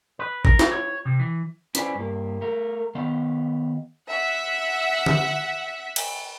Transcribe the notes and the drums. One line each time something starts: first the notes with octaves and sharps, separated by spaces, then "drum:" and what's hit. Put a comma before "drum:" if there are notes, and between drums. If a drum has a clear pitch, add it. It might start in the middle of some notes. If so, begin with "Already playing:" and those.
B4
A#4, drum: kick
drum: snare
C#5
C3
E3
C#4 E4 B4 C5 D5 G#5, drum: hi-hat
G2 A#3
A3 A#4
D#3 B3 D#5 F5
E5 F#5
drum: tom
drum: cymbal